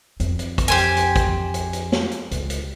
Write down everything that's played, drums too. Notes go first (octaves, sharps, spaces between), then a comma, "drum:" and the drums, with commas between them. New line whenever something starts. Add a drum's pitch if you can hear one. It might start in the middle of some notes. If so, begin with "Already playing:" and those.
F2, drum: hi-hat
drum: hi-hat
drum: kick, hi-hat
G4 C5 G#5
drum: hi-hat
drum: hi-hat
drum: kick, hi-hat
drum: hi-hat
drum: hi-hat
drum: snare
drum: hi-hat
C#2, drum: hi-hat
drum: hi-hat